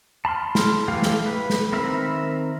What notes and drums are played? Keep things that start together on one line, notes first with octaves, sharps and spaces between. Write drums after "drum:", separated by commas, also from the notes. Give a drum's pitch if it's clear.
A5 B5 C6 F6
drum: snare
E3 A3 G4 F5
drum: snare
B4
drum: snare
D#3 C4 A#4 E5 B5